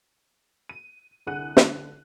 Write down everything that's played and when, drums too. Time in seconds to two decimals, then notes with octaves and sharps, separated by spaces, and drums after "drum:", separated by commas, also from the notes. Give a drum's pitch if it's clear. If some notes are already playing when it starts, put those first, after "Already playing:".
0.69 D#7
1.27 C2 D3 G#4 F#5 F#6 D#7
1.57 D3, drum: snare